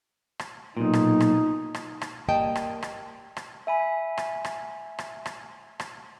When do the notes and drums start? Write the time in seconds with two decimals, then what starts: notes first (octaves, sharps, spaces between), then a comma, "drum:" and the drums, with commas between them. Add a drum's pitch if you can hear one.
0.39 drum: rim click
0.77 B1 A#2 D#4
0.93 drum: rim click
1.20 drum: rim click
1.74 drum: rim click
2.01 drum: rim click
2.28 G3 A#3 D#5 G5 A5
2.55 drum: rim click
2.83 drum: rim click
3.37 drum: rim click
3.67 E5 G#5 B5
4.18 drum: rim click
4.45 drum: rim click
4.99 drum: rim click
5.26 drum: rim click
5.80 drum: rim click